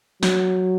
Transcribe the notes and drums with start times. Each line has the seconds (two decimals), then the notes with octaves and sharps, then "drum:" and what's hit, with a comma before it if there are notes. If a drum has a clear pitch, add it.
0.23 F#3, drum: snare